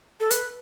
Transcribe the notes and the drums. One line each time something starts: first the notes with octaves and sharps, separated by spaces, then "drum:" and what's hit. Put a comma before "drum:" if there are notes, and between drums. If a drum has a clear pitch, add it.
A4
B4, drum: hi-hat